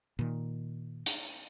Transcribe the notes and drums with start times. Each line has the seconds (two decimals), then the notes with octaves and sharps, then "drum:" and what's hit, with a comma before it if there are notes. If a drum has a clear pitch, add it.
0.19 A#2 D#3
1.06 drum: hi-hat